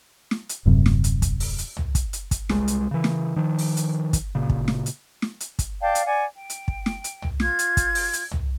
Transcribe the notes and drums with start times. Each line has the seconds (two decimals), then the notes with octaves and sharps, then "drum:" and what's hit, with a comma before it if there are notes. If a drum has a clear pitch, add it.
0.31 drum: snare
0.49 drum: hi-hat
0.66 D#1 F#2 C3
0.86 drum: snare
1.04 drum: hi-hat
1.22 drum: kick, hi-hat
1.40 drum: open hi-hat
1.58 drum: hi-hat
1.77 drum: tom C2
1.95 drum: kick, hi-hat
2.13 drum: hi-hat
2.31 drum: kick, hi-hat
2.49 C2 G#3, drum: snare
2.68 drum: hi-hat
2.91 C#3 E3
3.04 drum: snare
3.36 D#3 F3
3.59 drum: open hi-hat
3.77 drum: hi-hat
4.13 drum: kick, hi-hat
4.35 A#2 C#3
4.50 drum: kick
4.68 drum: snare
4.86 drum: hi-hat
5.22 drum: snare
5.40 drum: hi-hat
5.59 drum: kick, hi-hat
5.80 D5 F5 G5 A5
5.95 drum: hi-hat
6.05 D5 F#5 G#5
6.35 G5
6.50 drum: hi-hat
6.68 drum: kick
6.86 drum: snare
7.04 drum: hi-hat
7.22 drum: tom C2
7.40 F4 G#6, drum: snare
7.59 drum: hi-hat
7.77 drum: kick, hi-hat
7.95 drum: open hi-hat
8.13 drum: hi-hat
8.31 drum: tom C2